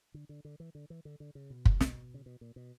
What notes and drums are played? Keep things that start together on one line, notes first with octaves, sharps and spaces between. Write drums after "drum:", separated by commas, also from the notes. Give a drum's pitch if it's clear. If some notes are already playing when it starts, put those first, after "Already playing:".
D3
D3
D3
E3
D3
E3
D3
D3
C#3
B2
drum: kick
drum: snare
C#3
B2
A#2
B2